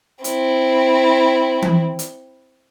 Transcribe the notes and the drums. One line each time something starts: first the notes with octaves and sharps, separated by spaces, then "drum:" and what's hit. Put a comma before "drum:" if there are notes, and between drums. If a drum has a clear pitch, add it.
C4 E4, drum: hi-hat
drum: tom E3
drum: hi-hat